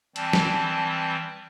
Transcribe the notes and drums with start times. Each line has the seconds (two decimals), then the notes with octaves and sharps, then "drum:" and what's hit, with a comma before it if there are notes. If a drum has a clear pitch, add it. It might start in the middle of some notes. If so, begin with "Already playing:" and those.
0.16 E3 G3 C4 A5, drum: hi-hat
0.33 drum: snare